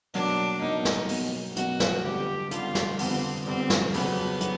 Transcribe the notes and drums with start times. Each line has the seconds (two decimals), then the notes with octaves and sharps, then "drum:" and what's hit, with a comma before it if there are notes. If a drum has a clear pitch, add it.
0.14 B2 F#3 A#3 D4, drum: open hi-hat
0.61 B2 F#3 A#3 D#4
0.85 drum: snare
1.09 B2 F#3 A#3, drum: open hi-hat
1.57 B2 F#3 A#3 F#4, drum: hi-hat
1.80 drum: snare
2.04 F2 D3 G3 B3 G4
2.51 F2 D3 G3 B3 F4, drum: hi-hat
2.75 drum: snare
2.99 F2 D3 G3 B3 C4, drum: open hi-hat
3.46 F2 D3 G3 B3 C4
3.70 drum: snare
3.94 F2 C#3 F#3 B3, drum: open hi-hat
4.41 F#3, drum: hi-hat